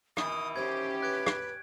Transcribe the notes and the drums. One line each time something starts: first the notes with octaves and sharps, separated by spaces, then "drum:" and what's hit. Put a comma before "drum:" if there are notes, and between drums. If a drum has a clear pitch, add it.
B2 D#3 E3 D#6, drum: rim click
C#4 G4 C5 G#6
B4 F#6 G#6 D7
drum: rim click